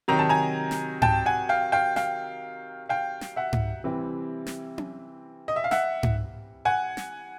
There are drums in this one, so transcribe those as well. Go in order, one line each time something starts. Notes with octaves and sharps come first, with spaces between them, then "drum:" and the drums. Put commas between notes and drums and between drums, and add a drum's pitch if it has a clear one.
C3 D#3 F#3 A#5
A5
G#5 A#5
drum: snare
G5 A5, drum: tom G#2
F#5 G#5
F5 G5
F5 G5
F5 G5, drum: snare
F5 G5
drum: snare
E5 F#5
drum: tom G#2
C3 E3 G3 C4 E4
drum: snare
drum: tom C#4
D#5
E5
F5
E5 F#5, drum: snare
drum: tom G#2
F#5 G#5
drum: snare